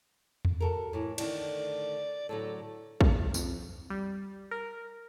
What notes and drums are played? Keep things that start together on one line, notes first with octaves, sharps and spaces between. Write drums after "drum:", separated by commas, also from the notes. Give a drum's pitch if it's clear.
drum: tom E2
F#4 A4 A#4
A2 E3
D3 D#3 A3 D5, drum: cymbal
A2 D3 F#3 A4
drum: kick
F2, drum: tambourine
G3
A#4